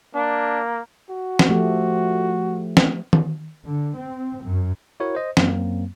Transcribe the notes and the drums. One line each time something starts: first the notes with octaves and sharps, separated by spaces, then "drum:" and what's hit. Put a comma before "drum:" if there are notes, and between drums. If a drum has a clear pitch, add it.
A#3 D4
F#4
drum: snare
F3 A3 G4
drum: snare
drum: tom D#3
D3
C4
F#2
E4 F#4 A#4 C#5
C5 D#5
F#2 F#3 A#3 C4, drum: snare